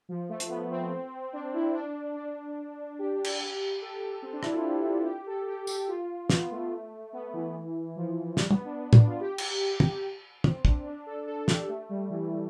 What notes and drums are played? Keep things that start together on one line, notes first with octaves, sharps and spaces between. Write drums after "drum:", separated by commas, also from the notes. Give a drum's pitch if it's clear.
F3
A3
drum: hi-hat
B3
C4
D4
E4
D4
D4
G4
drum: cymbal
G4
A4
C4
D4
E4, drum: rim click
F4
G4
G4
G4
A4
G4
G4, drum: tambourine
F4
B3, drum: snare
A3
B3
E3
F3
G3, drum: snare
B3, drum: tom
D4
B3
D4, drum: tom
F4
G4
drum: cymbal
drum: tom
C4, drum: tom
D4, drum: kick
D4
A4
A4
G4, drum: snare
A3
G3
E3